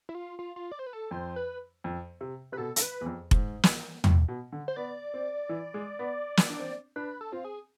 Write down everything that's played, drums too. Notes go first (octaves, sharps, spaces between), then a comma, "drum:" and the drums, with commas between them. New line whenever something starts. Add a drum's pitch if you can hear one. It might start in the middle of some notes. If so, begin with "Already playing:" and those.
E4
F4
F4
F4
D5
C5
B4
A4
F2 C5
B4
F2
C3
C3 B4
B2 A4
A4, drum: hi-hat
B4
E2
F2
G#2, drum: kick F1
drum: snare
A2, drum: tom
B2
D3
C5
B3 D5
C4
E3
G#3
B3
drum: snare
D4
C4
D4 B4
A4
C4 F4
G#4